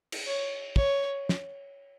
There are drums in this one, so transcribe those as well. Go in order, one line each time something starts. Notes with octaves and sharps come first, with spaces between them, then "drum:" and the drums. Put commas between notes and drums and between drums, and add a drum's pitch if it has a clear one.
drum: cymbal
C#5
C#5, drum: kick
drum: snare